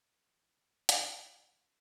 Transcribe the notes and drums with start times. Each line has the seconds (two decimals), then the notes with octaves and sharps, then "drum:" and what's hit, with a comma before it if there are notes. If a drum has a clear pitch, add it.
0.19 E3
0.62 G2 B3
0.89 D#1 F3 F#3, drum: hi-hat